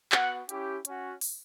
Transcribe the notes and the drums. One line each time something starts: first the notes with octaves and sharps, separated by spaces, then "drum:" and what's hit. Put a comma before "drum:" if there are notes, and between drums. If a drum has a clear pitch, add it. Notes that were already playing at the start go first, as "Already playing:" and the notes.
B3 F#4 F#5, drum: clap
C#4 E4 G4, drum: hi-hat
C#4 F#4, drum: hi-hat
drum: open hi-hat